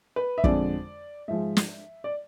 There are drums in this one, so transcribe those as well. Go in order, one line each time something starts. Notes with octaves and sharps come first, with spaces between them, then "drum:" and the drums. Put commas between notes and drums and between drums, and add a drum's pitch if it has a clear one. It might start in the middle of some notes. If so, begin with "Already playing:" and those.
B4
E5
F2 D3 G#3 D5, drum: kick
G#2 F3 G#3 E5
drum: snare
D5